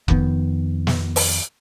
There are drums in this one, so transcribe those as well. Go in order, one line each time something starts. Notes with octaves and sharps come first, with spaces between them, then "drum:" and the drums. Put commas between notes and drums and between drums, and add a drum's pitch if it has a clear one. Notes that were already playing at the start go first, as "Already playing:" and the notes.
F2 D#3 B3, drum: kick F1
drum: snare
drum: open hi-hat